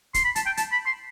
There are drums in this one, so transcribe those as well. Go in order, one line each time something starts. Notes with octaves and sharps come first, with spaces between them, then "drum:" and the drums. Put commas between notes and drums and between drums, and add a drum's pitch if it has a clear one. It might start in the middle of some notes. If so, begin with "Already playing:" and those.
C6, drum: kick, hi-hat
B5
A5, drum: hi-hat
G5
A5, drum: hi-hat
B5
C6